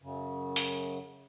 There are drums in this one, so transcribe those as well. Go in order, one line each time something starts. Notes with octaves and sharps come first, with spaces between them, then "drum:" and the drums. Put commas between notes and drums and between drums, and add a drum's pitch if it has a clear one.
F#2 C#3
drum: open hi-hat